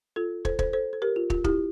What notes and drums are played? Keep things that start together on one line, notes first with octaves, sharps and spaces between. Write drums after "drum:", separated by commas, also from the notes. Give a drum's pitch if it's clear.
F4 A4
A4 C5, drum: kick
A4 C5, drum: kick
A4 C5
A4
G4 A#4
F4
F4, drum: kick
E4 G4, drum: kick